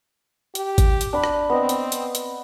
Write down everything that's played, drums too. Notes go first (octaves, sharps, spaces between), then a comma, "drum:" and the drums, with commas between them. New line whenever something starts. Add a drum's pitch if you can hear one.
G4, drum: hi-hat
drum: kick G#1, hi-hat
drum: hi-hat
D4 B5
drum: rim click
B3 C4 D#5
drum: hi-hat
drum: hi-hat
drum: hi-hat